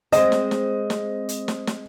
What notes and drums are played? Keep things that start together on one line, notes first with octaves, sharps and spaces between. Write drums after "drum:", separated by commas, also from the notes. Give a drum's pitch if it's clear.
G#3 C4 C5 D#5, drum: hi-hat
drum: snare
drum: snare
drum: snare
drum: hi-hat
drum: snare
drum: snare